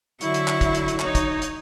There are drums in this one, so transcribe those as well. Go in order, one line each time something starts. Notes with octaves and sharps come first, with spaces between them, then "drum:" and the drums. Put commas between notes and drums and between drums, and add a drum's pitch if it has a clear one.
D3 F#3 E4 E5 C#6, drum: hi-hat
drum: hi-hat
drum: clap
drum: kick, hi-hat
drum: hi-hat
drum: hi-hat
D#4 C#5, drum: clap
drum: kick, hi-hat
drum: hi-hat